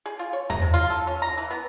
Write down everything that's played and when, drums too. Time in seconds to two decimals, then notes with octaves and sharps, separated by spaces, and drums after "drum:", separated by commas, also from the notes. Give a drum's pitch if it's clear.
0.06 G#4
0.19 F4
0.33 C#5
0.50 A#5, drum: tom E2
0.62 C3
0.74 F4
0.90 A4
1.07 C#4
1.22 A#5
1.38 E3
1.50 B3